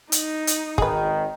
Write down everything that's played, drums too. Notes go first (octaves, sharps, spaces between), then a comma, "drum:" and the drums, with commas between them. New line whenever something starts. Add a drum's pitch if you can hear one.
D#4, drum: hi-hat
drum: hi-hat
G#1 D#3 G#4 B4, drum: kick